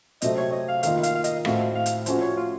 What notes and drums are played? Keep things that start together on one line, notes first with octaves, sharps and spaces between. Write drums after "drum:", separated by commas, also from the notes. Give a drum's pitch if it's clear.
C3 F#3 A3 C4 D#5, drum: hi-hat
C#5
D#5
F5
D#3 A#3 F4 A#4 D#5 F5, drum: hi-hat
F5, drum: hi-hat
F5
D#5, drum: hi-hat
A2 A3 C4 F#4 F5, drum: rim click
F5
drum: hi-hat
F3 A3 C#4 F#4 C5, drum: hi-hat
C#5
F4